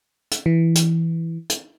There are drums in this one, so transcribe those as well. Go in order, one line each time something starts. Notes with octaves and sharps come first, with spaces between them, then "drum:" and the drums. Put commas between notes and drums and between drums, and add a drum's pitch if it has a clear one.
drum: hi-hat
E3
drum: hi-hat
drum: hi-hat